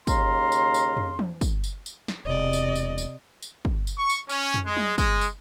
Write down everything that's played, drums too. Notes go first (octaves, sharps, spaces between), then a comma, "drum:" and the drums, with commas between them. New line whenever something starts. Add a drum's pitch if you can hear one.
D#2 C#3 F5 A#5 C6, drum: kick, tambourine
drum: tambourine
drum: tambourine
drum: tom
drum: tom E3
drum: kick, tambourine
drum: tambourine
drum: tambourine
drum: snare
E1 C3 D5 D#5
drum: tambourine
drum: tambourine
drum: tambourine
drum: tambourine
drum: kick
drum: tambourine
C#6
drum: tambourine
C#4, drum: tambourine
drum: tom
G#3
drum: tom F#3
G#3, drum: kick, tambourine
drum: tambourine